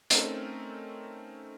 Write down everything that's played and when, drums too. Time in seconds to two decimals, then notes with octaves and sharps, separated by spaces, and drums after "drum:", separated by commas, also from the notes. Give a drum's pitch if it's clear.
0.10 A3 C4 C#4 D#4 A4 A#4, drum: hi-hat